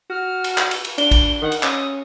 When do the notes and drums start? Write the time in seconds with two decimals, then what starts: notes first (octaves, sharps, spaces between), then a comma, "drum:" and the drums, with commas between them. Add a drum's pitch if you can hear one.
0.10 F#4 F6
0.44 drum: cymbal
0.58 drum: clap
0.71 drum: cymbal
0.85 drum: cymbal
0.98 D4 G7, drum: cymbal
1.11 drum: kick, cymbal
1.42 D#3 F#5
1.52 drum: cymbal
1.63 C#4 D#6, drum: clap